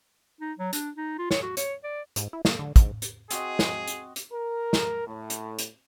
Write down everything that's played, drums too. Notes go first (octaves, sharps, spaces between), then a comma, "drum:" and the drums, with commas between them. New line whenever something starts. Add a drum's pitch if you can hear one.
D#4
F#3
D4, drum: hi-hat
D#4
F4
C#5, drum: snare
F#4
C#5, drum: hi-hat
D5
G#2, drum: hi-hat
E4
A#3, drum: snare
D3
G#2, drum: kick, hi-hat
drum: hi-hat
C4 F#4 G#4 D#5, drum: hi-hat
drum: snare
drum: hi-hat
drum: hi-hat
A#4
drum: snare
A2
drum: hi-hat
drum: hi-hat